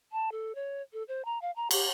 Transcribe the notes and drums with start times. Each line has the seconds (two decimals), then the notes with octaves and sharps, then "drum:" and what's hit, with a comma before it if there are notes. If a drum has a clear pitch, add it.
0.12 A5
0.32 A4
0.55 C#5
0.93 A4
1.08 C5
1.25 A#5
1.42 F5
1.56 A#5
1.71 G4, drum: cymbal